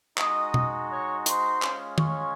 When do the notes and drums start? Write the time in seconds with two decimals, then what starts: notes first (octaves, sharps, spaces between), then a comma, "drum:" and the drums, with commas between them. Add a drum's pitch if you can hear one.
0.18 G#3 D#4 F#4 D#5 D#6, drum: clap
0.54 drum: tom B2
0.90 C#5 C#6
1.26 C5 C6, drum: hi-hat
1.62 G#3 C#4 F4, drum: clap
1.98 C#5 C#6, drum: tom